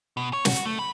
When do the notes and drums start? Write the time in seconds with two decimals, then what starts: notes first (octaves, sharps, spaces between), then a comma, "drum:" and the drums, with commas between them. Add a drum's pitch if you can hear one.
0.17 B2
0.33 C#5
0.45 F#4, drum: snare
0.65 A3
0.79 B5